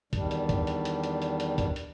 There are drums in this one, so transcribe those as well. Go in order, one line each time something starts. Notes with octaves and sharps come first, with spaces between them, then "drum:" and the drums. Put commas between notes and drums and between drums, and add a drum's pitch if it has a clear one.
E2 D#3 G3 D4, drum: kick C#2, hi-hat
drum: hi-hat
drum: kick C#2, hi-hat
drum: hi-hat
drum: hi-hat
drum: hi-hat
drum: hi-hat
drum: hi-hat
drum: kick C#2, hi-hat
drum: hi-hat